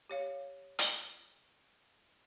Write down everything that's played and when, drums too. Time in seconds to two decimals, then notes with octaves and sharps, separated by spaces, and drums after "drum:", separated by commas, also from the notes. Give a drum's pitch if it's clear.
0.10 G4 C#5 F5
0.79 drum: hi-hat